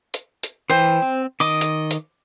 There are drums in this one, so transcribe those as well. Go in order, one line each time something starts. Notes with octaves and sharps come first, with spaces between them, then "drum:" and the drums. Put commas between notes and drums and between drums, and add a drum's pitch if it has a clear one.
drum: hi-hat
drum: hi-hat
E3 C5 G5
C4
D#3 D#5 D6
drum: hi-hat
drum: hi-hat